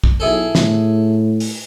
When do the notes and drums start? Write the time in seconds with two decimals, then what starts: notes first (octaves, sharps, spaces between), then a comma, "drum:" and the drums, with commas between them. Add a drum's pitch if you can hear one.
0.04 drum: kick
0.20 B1 E4 G#4 A4
0.55 A2, drum: snare
1.40 drum: open hi-hat